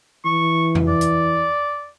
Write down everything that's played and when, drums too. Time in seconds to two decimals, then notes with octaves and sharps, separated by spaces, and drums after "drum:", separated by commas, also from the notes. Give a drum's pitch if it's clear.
0.25 E3 C#6
0.75 drum: tom E2
0.88 D5
1.01 drum: hi-hat